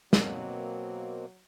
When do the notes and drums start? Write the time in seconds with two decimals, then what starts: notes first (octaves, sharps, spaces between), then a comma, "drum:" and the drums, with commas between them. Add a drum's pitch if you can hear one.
0.13 B2 F#3 A#3 C4, drum: snare